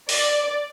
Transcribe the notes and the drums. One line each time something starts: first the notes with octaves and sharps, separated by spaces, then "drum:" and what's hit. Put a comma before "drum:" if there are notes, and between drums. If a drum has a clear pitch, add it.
D5, drum: open hi-hat